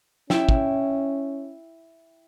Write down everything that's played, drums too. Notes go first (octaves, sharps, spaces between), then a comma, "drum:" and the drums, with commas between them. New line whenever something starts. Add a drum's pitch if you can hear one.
C#4 E4 E5 G5, drum: snare
drum: kick